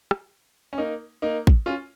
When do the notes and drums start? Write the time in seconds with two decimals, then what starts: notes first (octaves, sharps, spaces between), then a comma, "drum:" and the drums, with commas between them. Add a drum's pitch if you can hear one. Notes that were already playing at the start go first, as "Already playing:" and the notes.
0.11 drum: rim click
0.73 C#4
0.78 A#3 D#4
1.22 A#3 D#4
1.47 drum: kick
1.66 C#4 F4